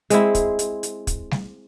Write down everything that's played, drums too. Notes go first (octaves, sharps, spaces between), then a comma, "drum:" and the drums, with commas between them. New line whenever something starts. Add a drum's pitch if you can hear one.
G#3 C4 E4, drum: hi-hat
drum: kick, hi-hat
drum: hi-hat
drum: hi-hat
drum: kick, hi-hat
drum: snare G3